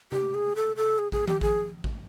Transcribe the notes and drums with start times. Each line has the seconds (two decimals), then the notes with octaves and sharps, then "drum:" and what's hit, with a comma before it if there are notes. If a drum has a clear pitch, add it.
0.12 G4, drum: tom C3
0.34 G#4
0.56 A4
0.76 A4
0.99 G#4
1.12 G#4, drum: kick A1
1.27 G4, drum: tom D#3
1.41 G#4, drum: kick A1
1.84 drum: kick A1